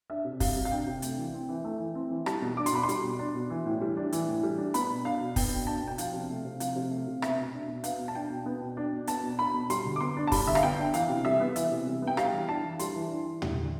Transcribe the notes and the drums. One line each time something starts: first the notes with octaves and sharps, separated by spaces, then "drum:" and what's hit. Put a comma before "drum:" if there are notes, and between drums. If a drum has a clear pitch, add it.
D4 E5
C3
G3 F5, drum: kick, open hi-hat
C3
F5
D4 G5
C3
A3, drum: hi-hat
E3
C4
E3
A3
E3
C4
E3
G3 A5, drum: rim click
B2
D4 D6
C6, drum: hi-hat
B2 B5
C6
G3, drum: hi-hat
B2
D4
B2
E3
A2
G3
D4
E3, drum: hi-hat
A2
G3
D4
B3 B5, drum: hi-hat
B2
D4 F5
B2
B3 G5, drum: kick, open hi-hat
B2
D4 A5
B2
G5
F3 F5, drum: hi-hat
C3
A3
C3
F3 F5, drum: hi-hat
C3
A3
C3
B3 E5, drum: rim click
B2
D4
B2
B3 F5, drum: hi-hat
B2
A5
D4 G5
B2
B3
B2
D4
B2
B3 A5, drum: hi-hat
B2
D4 B5
B2
G3 C6, drum: hi-hat
D3
D6
B3 C6
D4
A5
G3 B5, drum: kick, open hi-hat
D3 E5
F5, drum: rim click
B3 G5
D4
E3 F5, drum: hi-hat
C3
G3 E5
B3
E3 E5, drum: hi-hat
C3
G3
B3
G5
G3 F5, drum: rim click
E3
D4 A5
E3
G3 C6, drum: hi-hat
E3
D4
E3
G3, drum: tom
D3